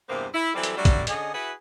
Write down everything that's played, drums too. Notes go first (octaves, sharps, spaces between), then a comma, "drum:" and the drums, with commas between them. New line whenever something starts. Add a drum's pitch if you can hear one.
E2 G2 C3 A#3 B3 C5
E4
E3 F#3 G3 C4 A4
drum: hi-hat
F#3 G3 A3 D4 F#4 D5
drum: kick, hi-hat
D3 C#4 G#4 D#5, drum: hi-hat
E4 F#4 G#4 B4